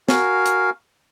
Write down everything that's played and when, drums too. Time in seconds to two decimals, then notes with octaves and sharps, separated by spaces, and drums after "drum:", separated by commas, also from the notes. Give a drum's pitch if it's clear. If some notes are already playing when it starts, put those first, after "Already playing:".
0.08 F#4 A#4 F5 G#5, drum: snare
0.46 drum: hi-hat